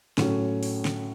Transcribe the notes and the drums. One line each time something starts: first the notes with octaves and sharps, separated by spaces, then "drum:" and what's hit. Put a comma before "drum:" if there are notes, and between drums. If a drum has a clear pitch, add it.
A2 F#3 C#4 F#4, drum: snare
drum: open hi-hat
drum: snare